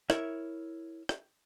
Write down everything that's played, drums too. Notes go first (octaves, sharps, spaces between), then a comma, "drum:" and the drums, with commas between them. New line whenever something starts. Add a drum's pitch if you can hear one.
E4 A#4 C#5 E5, drum: rim click
drum: rim click